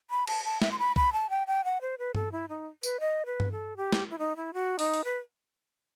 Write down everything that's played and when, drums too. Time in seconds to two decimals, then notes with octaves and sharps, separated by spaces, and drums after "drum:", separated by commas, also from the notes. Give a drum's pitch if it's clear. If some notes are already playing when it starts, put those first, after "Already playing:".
0.10 B5
0.27 A5, drum: cymbal
0.45 A5
0.62 E5, drum: snare
0.72 C6
0.79 B5
0.96 B5, drum: kick
1.13 A5
1.30 G5
1.47 G5
1.64 F#5
1.81 C5
1.99 B4
2.15 A4, drum: tom G2
2.32 E4
2.49 D#4
2.83 B4, drum: tambourine
3.00 D#5
3.26 B4
3.40 drum: tom G2
3.52 A4
3.77 G4
3.93 drum: snare
4.10 E4
4.19 D#4
4.36 E4
4.54 F#4
4.79 D#4, drum: open hi-hat
4.94 drum: open hi-hat
5.04 B4